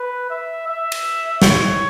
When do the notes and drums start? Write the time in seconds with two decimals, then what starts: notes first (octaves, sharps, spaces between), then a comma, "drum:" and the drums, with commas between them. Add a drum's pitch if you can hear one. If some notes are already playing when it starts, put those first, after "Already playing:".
Already playing: B4
0.30 E5
0.67 E5
0.92 drum: cymbal
1.42 C#5, drum: snare